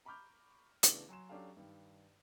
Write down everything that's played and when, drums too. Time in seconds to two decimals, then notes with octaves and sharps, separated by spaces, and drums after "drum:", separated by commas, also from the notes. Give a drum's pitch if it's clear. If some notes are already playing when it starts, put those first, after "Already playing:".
0.05 A#5 B5 C#6 D6 F6 G6
0.83 C#3 E3 A3 B3 D4, drum: hi-hat
1.09 F#3 G#5 C6 E7
1.30 F#3 C#4 D4 G4 A4 F5
1.57 G2 D#3